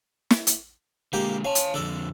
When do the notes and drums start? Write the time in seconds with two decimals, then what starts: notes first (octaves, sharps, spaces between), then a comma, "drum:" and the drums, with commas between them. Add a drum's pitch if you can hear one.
0.31 drum: snare
0.47 drum: hi-hat
1.13 D3 G#3 A#3 G4
1.45 C#4 F5 A5
1.55 drum: hi-hat
1.74 F2 D3 D4 A4